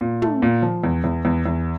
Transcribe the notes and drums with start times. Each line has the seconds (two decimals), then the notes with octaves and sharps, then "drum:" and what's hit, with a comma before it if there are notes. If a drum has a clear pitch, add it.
0.01 A#2
0.22 A3, drum: tom
0.42 A#2
0.62 F3
0.84 E2
1.04 E2
1.25 E2
1.46 E2